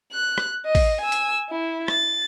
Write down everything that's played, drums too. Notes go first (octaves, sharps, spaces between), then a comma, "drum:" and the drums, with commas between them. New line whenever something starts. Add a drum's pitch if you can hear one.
F#6
drum: rim click
D#5
drum: kick, open hi-hat
G#5 E6
drum: hi-hat
E4
A6, drum: rim click